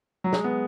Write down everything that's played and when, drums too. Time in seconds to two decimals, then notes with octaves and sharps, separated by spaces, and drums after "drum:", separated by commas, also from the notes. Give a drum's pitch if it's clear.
0.24 F#3
0.33 G#3, drum: snare
0.44 B3